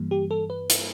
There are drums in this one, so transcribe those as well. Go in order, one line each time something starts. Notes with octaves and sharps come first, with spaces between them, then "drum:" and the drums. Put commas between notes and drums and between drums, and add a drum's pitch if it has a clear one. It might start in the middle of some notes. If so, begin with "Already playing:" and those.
Already playing: G2 E3 G3 A#3
G4
A4
B4
drum: hi-hat